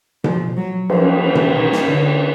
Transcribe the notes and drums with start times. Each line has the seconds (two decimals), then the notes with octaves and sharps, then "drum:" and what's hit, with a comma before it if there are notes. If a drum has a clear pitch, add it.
0.24 F3, drum: tom B2
0.57 F#3
0.90 F3, drum: cymbal
1.22 E3
1.35 drum: tom B2
1.55 D#3
1.72 drum: snare
1.88 D3